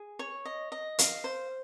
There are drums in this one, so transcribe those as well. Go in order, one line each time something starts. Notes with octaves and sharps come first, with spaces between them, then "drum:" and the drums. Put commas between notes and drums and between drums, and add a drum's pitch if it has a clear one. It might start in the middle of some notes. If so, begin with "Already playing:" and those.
Already playing: G#4
C#5
D#5
D#5
F5, drum: hi-hat
C5